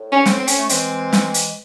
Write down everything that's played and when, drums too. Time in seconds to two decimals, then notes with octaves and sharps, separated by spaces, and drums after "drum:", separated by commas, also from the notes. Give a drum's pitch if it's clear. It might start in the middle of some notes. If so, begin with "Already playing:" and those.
Already playing: A2
0.12 C#4
0.26 C4, drum: snare
0.39 C4
0.47 C#4, drum: hi-hat
0.58 A3
0.69 E3 G#3 C4, drum: hi-hat
1.13 drum: snare
1.34 drum: hi-hat